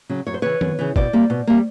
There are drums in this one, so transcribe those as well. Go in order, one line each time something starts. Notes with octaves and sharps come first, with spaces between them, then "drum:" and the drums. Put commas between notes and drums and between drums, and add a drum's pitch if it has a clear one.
C#3 F#3
F#2 C#5
C5
C#3 E3 B4 C#5
F#2, drum: tom D#3
C#3 E3
B2 C5 D5, drum: kick
G3 A#3
B2
G3 A#3